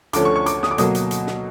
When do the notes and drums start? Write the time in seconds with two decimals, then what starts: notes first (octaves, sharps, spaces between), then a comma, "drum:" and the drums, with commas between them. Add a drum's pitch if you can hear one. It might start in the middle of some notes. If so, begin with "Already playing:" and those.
0.13 D2 D3 F3 A3 C#4 D6, drum: hi-hat
0.25 C#6
0.36 C#6
0.46 D6, drum: hi-hat
0.63 D#6, drum: snare
0.71 D6
0.78 B2 F#3 A#3 D#6, drum: hi-hat
0.95 drum: hi-hat
1.11 drum: hi-hat
1.27 drum: snare